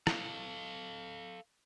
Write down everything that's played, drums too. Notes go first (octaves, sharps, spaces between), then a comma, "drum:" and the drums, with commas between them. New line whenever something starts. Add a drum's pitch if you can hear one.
A4 F5, drum: rim click